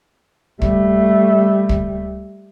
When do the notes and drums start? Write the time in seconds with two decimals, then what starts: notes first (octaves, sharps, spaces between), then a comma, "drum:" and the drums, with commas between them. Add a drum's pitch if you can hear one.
0.62 G3 A3, drum: kick
1.69 drum: kick